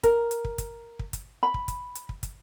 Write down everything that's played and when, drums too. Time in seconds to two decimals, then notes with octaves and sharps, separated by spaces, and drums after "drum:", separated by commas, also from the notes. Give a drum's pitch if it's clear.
0.03 A#4, drum: kick, hi-hat
0.31 drum: hi-hat
0.45 drum: kick
0.58 drum: kick, hi-hat
0.99 drum: kick
1.13 drum: kick, hi-hat
1.43 B5
1.54 drum: kick
1.68 drum: kick, hi-hat
1.95 drum: hi-hat
2.09 drum: kick
2.23 drum: kick, hi-hat